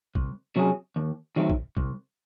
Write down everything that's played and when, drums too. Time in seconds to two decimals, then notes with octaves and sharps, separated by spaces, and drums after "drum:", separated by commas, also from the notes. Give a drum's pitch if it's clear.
0.15 C2, drum: kick
0.56 C3 F#3 C#4 G#4
0.96 D#2
1.36 D#3 F#3 A3 C4
1.50 drum: kick
1.77 C2, drum: kick